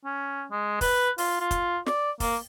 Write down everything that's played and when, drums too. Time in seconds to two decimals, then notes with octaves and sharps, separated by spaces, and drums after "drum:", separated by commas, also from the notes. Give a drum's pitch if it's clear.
0.05 C#4
0.51 G#3
0.81 B4, drum: kick, open hi-hat
1.18 F4, drum: open hi-hat
1.40 F4
1.51 drum: kick, hi-hat
1.86 D5, drum: snare
2.20 A#3, drum: kick, open hi-hat